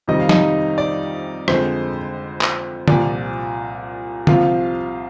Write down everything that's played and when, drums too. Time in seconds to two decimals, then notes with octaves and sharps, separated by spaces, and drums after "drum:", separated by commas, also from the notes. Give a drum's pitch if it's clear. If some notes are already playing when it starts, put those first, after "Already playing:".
0.07 F2 C3 D#3 G3 D#5
0.19 F5
0.29 D#4 D#5, drum: snare
0.78 D5
1.48 F2 D3 G#3 C5, drum: rim click
2.41 drum: clap
2.88 C2 A#2 F3 D5, drum: tom D3
4.27 C2 C3 F3 F4 F5, drum: tom D3